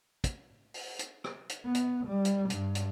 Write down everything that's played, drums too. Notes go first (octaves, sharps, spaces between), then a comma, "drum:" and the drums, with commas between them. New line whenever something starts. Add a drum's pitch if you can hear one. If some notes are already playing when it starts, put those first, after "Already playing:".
drum: kick, hi-hat
drum: open hi-hat
drum: hi-hat
drum: rim click
drum: hi-hat
B3
drum: hi-hat
G3
drum: hi-hat
G2, drum: hi-hat
drum: hi-hat